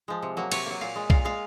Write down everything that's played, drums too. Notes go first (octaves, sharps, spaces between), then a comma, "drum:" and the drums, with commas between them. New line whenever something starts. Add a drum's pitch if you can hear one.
F3 G#3
C3
F#3 A#3
C3 C#5, drum: cymbal
F#3 A#3
A#2 F5
G#3
A#2 F5, drum: kick B1
G#3 F5